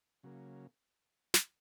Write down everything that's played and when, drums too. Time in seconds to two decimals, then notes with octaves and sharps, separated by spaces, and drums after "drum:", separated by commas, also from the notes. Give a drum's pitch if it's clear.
0.24 C#3 F#3 A#3
1.34 drum: snare